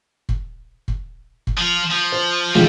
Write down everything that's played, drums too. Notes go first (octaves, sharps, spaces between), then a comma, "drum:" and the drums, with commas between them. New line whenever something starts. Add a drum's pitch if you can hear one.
drum: kick
drum: kick
drum: kick
F3 F4
F3
C5
F1 D3 D#3 F3 G3 G#3